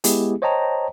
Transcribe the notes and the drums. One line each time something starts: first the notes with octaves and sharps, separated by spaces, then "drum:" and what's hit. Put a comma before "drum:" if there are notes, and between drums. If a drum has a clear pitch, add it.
G#3 B3 E4 G4 G#4, drum: hi-hat
C5 C#5 D#5 G5 A5 A#5